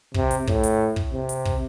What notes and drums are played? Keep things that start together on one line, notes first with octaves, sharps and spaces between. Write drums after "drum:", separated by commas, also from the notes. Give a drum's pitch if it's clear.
C3, drum: kick
drum: hi-hat
A2, drum: kick
drum: hi-hat
drum: kick
C3
drum: hi-hat
drum: kick